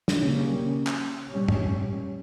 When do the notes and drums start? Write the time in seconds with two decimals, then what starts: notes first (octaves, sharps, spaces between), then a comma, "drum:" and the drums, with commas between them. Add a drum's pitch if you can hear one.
0.08 drum: snare
0.19 C#3 G3 A#3 C#4
0.87 drum: clap
1.30 A#2 G3 C#4
1.48 drum: tom